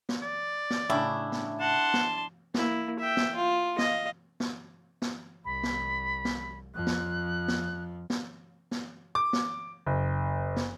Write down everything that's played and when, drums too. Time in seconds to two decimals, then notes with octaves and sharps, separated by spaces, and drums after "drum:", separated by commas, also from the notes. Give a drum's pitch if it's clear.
0.09 drum: snare
0.22 D5
0.70 drum: snare
0.90 A2 C#3 D4 E4
1.32 drum: snare
1.61 F#5 A5 C6
1.94 drum: snare
2.54 A#3 E4, drum: snare
2.99 E5 G5
3.17 drum: snare
3.36 F4
3.78 D#5 F5, drum: snare
4.40 drum: snare
5.02 drum: snare
5.45 C2 B5
5.63 drum: snare
6.25 drum: snare
6.74 F2 F3 F#6
6.87 drum: snare
7.48 drum: snare
8.10 drum: snare
8.71 drum: snare
9.15 D6
9.33 drum: snare
9.87 F#1
10.56 drum: snare